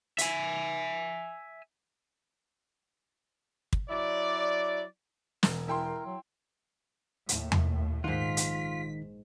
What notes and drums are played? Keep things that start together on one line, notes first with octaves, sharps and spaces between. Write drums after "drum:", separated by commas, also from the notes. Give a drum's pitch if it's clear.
E5 G#5, drum: hi-hat
drum: kick
F#3 E4 D5
E1, drum: snare
E4 A#4 G5 C6
F#3
D#2 A2, drum: hi-hat
drum: tom E2
A#1 G#2 D#3 D#4 F4 F#5 B6
drum: hi-hat